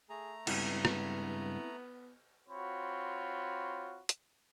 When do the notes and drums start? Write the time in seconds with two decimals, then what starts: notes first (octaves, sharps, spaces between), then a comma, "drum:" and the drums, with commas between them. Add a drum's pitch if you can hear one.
0.10 A3 G#4 A#5
0.47 C#2 G2 B3 C4 E4 F#5, drum: cymbal
0.85 drum: rim click
2.49 C4 F4 F#4 C#5 B5
4.09 drum: hi-hat